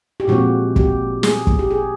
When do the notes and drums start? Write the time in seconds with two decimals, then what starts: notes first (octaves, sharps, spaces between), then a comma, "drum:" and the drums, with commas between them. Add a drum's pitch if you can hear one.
0.20 G4
0.28 A#2 F3 G#3 C4 F#4
0.76 G4, drum: kick
1.23 G#4, drum: snare
1.47 drum: kick
1.59 G4
1.71 G#4